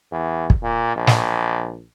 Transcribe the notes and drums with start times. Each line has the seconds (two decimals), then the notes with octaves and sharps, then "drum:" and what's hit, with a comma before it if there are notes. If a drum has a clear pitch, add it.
0.12 E2
0.50 drum: kick
0.62 A#2
0.96 A#1
1.07 drum: snare